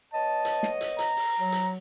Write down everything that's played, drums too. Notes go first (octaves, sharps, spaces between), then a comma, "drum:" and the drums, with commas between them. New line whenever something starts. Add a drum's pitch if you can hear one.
B3 C#5 D#5 A5
drum: hi-hat
drum: snare
drum: hi-hat
A#5, drum: hi-hat
drum: open hi-hat
F#3
drum: hi-hat